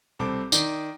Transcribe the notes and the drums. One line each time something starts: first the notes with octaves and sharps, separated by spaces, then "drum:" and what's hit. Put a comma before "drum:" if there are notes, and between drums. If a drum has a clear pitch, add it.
C2 C4 A4 D6
D#3 D5, drum: tambourine